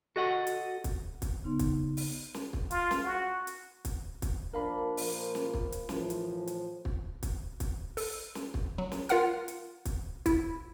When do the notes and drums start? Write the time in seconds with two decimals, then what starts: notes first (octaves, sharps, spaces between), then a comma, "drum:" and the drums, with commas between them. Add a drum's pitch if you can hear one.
0.16 F#4 A4 D#5 F#5
0.47 drum: hi-hat
0.84 drum: kick, hi-hat
1.22 drum: kick, hi-hat
1.44 C#3 B3 D#4 C6
1.59 drum: kick, hi-hat
1.97 drum: open hi-hat
2.34 drum: snare
2.53 drum: kick
2.71 F4, drum: hi-hat
2.91 drum: snare
3.04 F#4
3.47 drum: hi-hat
3.85 drum: kick, hi-hat
4.22 drum: kick, hi-hat
4.54 F3 A#3 D4 A#4 F5 B5
4.97 A#2 F3 A#3, drum: open hi-hat
5.35 drum: snare
5.54 drum: kick
5.72 drum: hi-hat
5.89 A2 E3 F3, drum: snare
6.10 drum: hi-hat
6.47 drum: hi-hat
6.85 drum: kick
7.23 drum: kick, hi-hat
7.60 drum: kick, hi-hat
7.97 A4, drum: open hi-hat
8.35 drum: snare
8.54 drum: kick
8.78 F#3
8.92 drum: snare
9.09 F4 A#4 F5 F#5 F6, drum: hi-hat
9.48 drum: hi-hat
9.85 drum: kick, hi-hat
10.26 E4, drum: kick, hi-hat